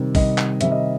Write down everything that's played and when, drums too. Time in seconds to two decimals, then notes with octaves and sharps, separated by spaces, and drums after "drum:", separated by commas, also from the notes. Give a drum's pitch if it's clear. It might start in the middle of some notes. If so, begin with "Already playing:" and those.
Already playing: C3 D#3 G3
0.15 C3 D#3 G3 D#5, drum: kick, open hi-hat
0.38 drum: clap
0.61 C3 D#3 G3 E5, drum: hi-hat
0.72 D#5